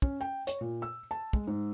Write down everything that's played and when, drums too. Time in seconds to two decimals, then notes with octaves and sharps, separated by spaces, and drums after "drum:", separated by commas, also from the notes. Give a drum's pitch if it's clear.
0.02 C#4, drum: kick
0.21 G5
0.47 C#5, drum: hi-hat
0.61 A#2
0.82 E6
1.11 A5
1.33 G#3, drum: kick
1.47 G#2